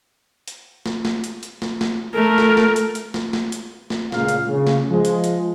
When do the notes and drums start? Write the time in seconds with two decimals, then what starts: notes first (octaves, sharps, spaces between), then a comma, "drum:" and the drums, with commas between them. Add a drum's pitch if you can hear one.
0.47 drum: hi-hat
0.86 drum: snare
1.05 drum: snare
1.24 drum: hi-hat
1.43 drum: hi-hat
1.62 drum: snare
1.81 drum: snare
2.14 A3 A#4
2.38 drum: snare
2.57 drum: snare
2.76 drum: hi-hat
2.95 drum: hi-hat
3.14 drum: snare
3.33 drum: snare
3.52 drum: hi-hat
3.90 drum: snare
4.12 C#2 A#2 F5, drum: snare
4.28 drum: hi-hat
4.48 C#3
4.67 drum: snare
4.89 F3 G#3
5.05 drum: hi-hat
5.24 drum: hi-hat